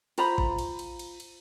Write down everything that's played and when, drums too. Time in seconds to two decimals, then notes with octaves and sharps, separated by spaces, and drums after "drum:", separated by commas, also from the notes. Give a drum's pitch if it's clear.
0.18 F4 C5 A#5 B5, drum: cymbal
0.38 drum: kick G#1
0.59 drum: cymbal
0.79 drum: cymbal
0.99 drum: cymbal
1.20 drum: cymbal